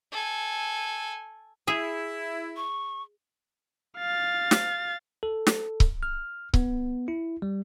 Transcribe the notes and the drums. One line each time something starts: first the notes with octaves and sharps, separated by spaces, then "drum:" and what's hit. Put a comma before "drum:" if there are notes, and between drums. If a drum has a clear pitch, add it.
A4 G#5
E4 G#4 E5
C#6
F5 A6
drum: snare
A4
drum: snare
drum: kick C#1
F6
B3, drum: kick C#1
E4
G3